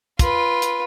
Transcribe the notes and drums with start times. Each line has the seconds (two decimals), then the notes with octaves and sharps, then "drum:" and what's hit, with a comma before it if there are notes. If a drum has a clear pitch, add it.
0.19 F4 B4, drum: kick, hi-hat
0.62 drum: hi-hat